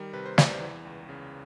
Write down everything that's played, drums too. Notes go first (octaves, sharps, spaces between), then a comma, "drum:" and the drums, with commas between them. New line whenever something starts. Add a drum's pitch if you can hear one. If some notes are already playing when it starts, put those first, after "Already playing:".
Already playing: D#3 G3 A#4
C3 B4
C5
E2 D5, drum: snare
C5
E3
C#2
C#3